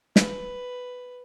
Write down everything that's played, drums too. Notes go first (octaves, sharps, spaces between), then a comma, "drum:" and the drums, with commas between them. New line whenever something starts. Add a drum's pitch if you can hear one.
B4, drum: snare